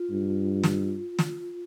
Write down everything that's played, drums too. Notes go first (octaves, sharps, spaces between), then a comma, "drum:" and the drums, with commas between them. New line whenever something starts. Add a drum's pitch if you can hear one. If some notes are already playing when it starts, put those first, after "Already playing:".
Already playing: F4
G2
drum: snare
drum: snare